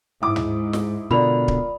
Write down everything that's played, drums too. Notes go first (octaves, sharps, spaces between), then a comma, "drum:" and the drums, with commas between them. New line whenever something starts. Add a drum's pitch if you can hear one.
G#2 E4 D6 D#6
drum: tom
drum: snare
B2 D3 F4 A#4 D5 B5 F7
drum: kick D1